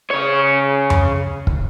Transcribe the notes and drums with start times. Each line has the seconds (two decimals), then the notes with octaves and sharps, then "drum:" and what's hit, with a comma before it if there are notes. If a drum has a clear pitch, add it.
0.10 C#3 C#5
0.90 drum: tom F2
1.47 drum: kick